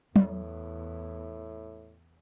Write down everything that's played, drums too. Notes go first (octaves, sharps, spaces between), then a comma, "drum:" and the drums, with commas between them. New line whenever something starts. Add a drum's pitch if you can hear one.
E2 A2, drum: tom F#3